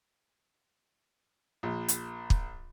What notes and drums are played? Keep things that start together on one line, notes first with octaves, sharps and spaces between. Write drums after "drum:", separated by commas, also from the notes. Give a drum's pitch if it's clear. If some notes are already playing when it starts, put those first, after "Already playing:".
A#1
drum: hi-hat
drum: kick